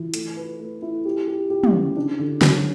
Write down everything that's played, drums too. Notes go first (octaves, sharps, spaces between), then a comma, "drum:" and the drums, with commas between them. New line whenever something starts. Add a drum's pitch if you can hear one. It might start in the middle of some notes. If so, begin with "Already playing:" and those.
Already playing: E3
A3, drum: hi-hat
B4
A3
E4
G4
G4
G4
drum: tom
C#3
D4
D3
F#3, drum: snare